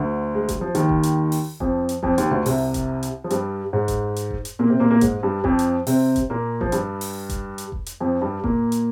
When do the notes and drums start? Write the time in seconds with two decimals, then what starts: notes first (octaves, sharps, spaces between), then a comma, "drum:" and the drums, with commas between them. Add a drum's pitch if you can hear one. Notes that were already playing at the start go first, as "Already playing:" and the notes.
Already playing: D2 D3
0.35 G#3
0.49 G3, drum: kick F1, hi-hat
0.61 F3
0.75 D#2 D#3, drum: hi-hat
0.89 drum: kick F1
1.03 drum: hi-hat
1.32 drum: open hi-hat
1.60 F2 F3, drum: kick F1
1.89 drum: hi-hat
2.03 F2 F3, drum: kick F1
2.18 D#2 D#3, drum: hi-hat
2.31 D2 D3
2.46 C2 C3, drum: open hi-hat
2.74 drum: kick F1, hi-hat
3.03 drum: hi-hat
3.24 F3
3.30 G2 G3, drum: hi-hat
3.73 G#2 G#3
3.88 drum: kick F1, hi-hat
4.16 drum: hi-hat
4.31 drum: kick F1
4.45 drum: hi-hat
4.59 A#2 A#3
4.70 C3 C4
4.80 A#2 A#3
4.91 A#2 A#3
5.01 G#2 G#3, drum: kick F1, hi-hat
5.23 G2 G3
5.44 F2 F3, drum: kick F1
5.59 drum: hi-hat
5.87 C3 C4, drum: open hi-hat
6.16 drum: kick F1, hi-hat
6.30 A#2 A#3
6.61 F3, drum: kick F1
6.72 G2 G3, drum: hi-hat
7.01 drum: open hi-hat
7.29 drum: kick F1, hi-hat
7.58 drum: hi-hat
7.72 drum: kick F1
7.86 drum: hi-hat
8.01 F2 F3
8.21 G2 G3
8.44 A#2 A#3, drum: kick F1
8.72 drum: hi-hat